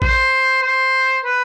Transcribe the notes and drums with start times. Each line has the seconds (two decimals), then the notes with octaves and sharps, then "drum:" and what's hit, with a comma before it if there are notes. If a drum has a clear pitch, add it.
0.02 C5, drum: kick A1
0.62 C5
1.25 B4